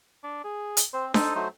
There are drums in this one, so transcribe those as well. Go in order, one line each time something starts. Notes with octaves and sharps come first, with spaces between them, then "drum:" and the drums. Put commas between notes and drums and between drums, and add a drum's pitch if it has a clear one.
D4
G#4
drum: hi-hat
C4 C5
D#4 A4 C5, drum: snare D4
F#3 A3 C5